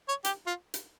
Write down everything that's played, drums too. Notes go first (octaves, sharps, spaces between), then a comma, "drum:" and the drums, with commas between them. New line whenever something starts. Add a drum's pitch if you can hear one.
C#5
G4, drum: hi-hat
F4
drum: hi-hat